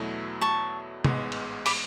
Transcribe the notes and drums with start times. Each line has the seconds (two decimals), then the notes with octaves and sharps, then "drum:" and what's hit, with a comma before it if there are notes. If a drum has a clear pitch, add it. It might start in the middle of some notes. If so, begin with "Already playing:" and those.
Already playing: E2 B2 F#3 A3 E4
0.41 A5 C#6
1.04 A1 G#2 G#3 B3, drum: tom
1.32 drum: cymbal
1.66 B5 D6, drum: open hi-hat